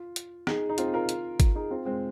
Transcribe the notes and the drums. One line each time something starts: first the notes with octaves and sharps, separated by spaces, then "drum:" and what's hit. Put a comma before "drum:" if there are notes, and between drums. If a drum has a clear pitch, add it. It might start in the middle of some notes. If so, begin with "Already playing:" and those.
Already playing: F4
drum: hi-hat
D#4 G#4, drum: rim click
D#4
C4 F4, drum: hi-hat
F4 A#4
drum: hi-hat
drum: kick G#1, hi-hat
D#4 G#4
C4 F4
G#3 C4